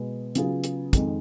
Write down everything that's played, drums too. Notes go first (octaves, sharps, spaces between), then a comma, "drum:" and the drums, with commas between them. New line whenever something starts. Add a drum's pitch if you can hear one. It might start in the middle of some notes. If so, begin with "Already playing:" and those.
Already playing: B2 G#3 B3
C#3 F#3 B3 F4 G#4, drum: hi-hat
drum: hi-hat
F2 D#3 G#3, drum: kick, hi-hat